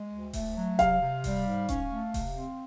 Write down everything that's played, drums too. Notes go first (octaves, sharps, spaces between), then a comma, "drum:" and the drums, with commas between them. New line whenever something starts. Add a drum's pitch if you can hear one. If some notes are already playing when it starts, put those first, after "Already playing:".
Already playing: G#3
D2
A3, drum: kick D#1, open hi-hat
F#3
C3 F5, drum: kick D#1, hi-hat
C3
G3, drum: kick D#1, open hi-hat
G#2
C#4, drum: kick D#1, hi-hat
A3
C3, drum: kick D#1, open hi-hat
C4